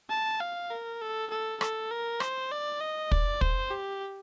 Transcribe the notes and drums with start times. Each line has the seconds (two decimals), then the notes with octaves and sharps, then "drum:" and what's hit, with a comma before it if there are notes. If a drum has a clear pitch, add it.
0.10 A5
0.41 F5
0.70 A#4
1.01 A4
1.31 A4
1.61 A4, drum: rim click
1.91 A#4
2.20 C5, drum: rim click
2.51 D5
2.80 D#5
3.11 D5, drum: kick
3.41 C5, drum: kick
3.71 G4